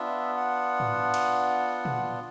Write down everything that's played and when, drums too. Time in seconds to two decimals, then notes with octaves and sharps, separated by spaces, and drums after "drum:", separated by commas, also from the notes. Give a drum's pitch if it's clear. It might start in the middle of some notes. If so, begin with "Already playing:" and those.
Already playing: B3 D4 F4 E5
0.37 F#5
0.80 drum: tom G#2
1.14 drum: cymbal
1.85 drum: tom